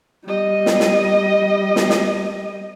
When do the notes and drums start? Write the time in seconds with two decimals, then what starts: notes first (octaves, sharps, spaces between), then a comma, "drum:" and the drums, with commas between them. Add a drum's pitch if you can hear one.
0.25 G3 D#5
0.66 drum: snare
0.80 drum: snare
1.76 drum: snare
1.90 drum: snare